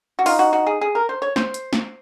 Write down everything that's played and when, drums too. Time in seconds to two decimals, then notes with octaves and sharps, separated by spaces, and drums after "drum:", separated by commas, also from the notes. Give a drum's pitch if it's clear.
0.19 F#4
0.26 D#4 F4, drum: open hi-hat
0.39 F#4
0.53 F#4
0.66 G#4
0.81 G#4
0.95 A#4
1.09 C5
1.22 C#5
1.36 C5, drum: snare
1.54 drum: hi-hat
1.73 drum: snare